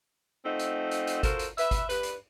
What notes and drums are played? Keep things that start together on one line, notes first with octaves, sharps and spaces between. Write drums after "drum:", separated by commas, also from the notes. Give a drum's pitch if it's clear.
F3 A3 C4 D#4 F#5
drum: hi-hat
drum: hi-hat
drum: hi-hat
F4 F#4 A4 A#4 C5, drum: kick G#1, hi-hat
drum: hi-hat
B4 E5, drum: hi-hat
drum: kick G#1, hi-hat
G2 B4, drum: hi-hat
drum: hi-hat